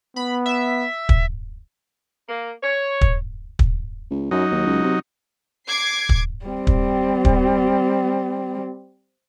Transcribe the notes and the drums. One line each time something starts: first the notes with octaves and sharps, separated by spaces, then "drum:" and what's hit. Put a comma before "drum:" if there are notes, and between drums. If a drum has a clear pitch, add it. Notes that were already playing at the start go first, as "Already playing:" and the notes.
B3 B5
E5
drum: kick
A#3
C#5
drum: kick
drum: kick
C#2
F#2 F#3 D#4
D#2
C#2
C3
D6 G#6 C7
drum: kick
G3 C4
drum: kick
drum: kick